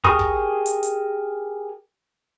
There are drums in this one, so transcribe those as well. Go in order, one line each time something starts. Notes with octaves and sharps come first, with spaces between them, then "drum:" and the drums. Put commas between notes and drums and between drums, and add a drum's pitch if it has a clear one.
G4 G#4 A#4 C#6 D#6, drum: kick
drum: kick
drum: hi-hat
drum: hi-hat